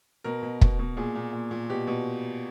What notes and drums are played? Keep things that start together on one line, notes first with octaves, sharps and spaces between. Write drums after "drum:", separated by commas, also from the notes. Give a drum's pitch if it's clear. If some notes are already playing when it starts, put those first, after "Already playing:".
B2 A#4
B2
B2, drum: kick
B2
A#2 G#4
A#2
A#2
A#2
B2 G4
B2